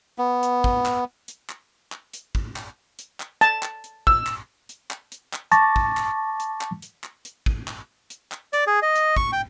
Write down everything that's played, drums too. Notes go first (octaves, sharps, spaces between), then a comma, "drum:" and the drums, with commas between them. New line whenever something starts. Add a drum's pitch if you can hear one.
B3
drum: hi-hat
drum: kick
drum: clap
drum: hi-hat
drum: clap
drum: clap
drum: hi-hat
drum: kick
drum: clap
drum: hi-hat
drum: clap
A5, drum: hi-hat
drum: clap
drum: hi-hat
E6, drum: kick
drum: clap
drum: hi-hat
drum: clap
drum: hi-hat
drum: clap
A5 C#6 D6 A6 A#6, drum: hi-hat
drum: kick
drum: clap
drum: hi-hat
drum: clap
drum: hi-hat
drum: clap
drum: hi-hat
drum: kick
drum: clap
drum: hi-hat
drum: clap
D5, drum: hi-hat
G#4
D#5
drum: hi-hat
C#6, drum: kick
G5